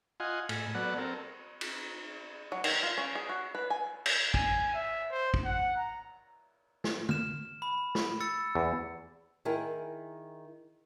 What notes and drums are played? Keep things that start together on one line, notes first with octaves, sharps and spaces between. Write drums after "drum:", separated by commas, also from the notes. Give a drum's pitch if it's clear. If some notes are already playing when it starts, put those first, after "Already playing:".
F4 D#5 F#5 G#5 C6
A2 G#5, drum: cymbal
F#3 B3 A4 D5 F#5
C4 A4 A#4
drum: cymbal
F#3
D#3, drum: cymbal
F4
C#4
G#4
F#4
B4
G#5
drum: cymbal
G#5, drum: kick
E5
C5
drum: kick
F#5
A#5
drum: snare
F6 E7, drum: tom
B5
drum: snare
E6 A6 C#7
E2
D#3 E4 G#4 A#4